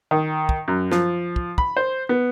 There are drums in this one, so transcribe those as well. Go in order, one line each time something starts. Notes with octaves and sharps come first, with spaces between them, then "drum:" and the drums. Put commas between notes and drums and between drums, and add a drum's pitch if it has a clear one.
D#3
drum: kick
F#2
F3, drum: snare
drum: kick
B5, drum: kick
C5
B3